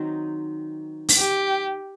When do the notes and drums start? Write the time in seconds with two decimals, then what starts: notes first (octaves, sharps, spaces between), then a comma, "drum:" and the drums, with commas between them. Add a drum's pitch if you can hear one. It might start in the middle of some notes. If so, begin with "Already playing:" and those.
Already playing: D#3 F#3 C4 D#4
1.09 drum: open hi-hat
1.18 G4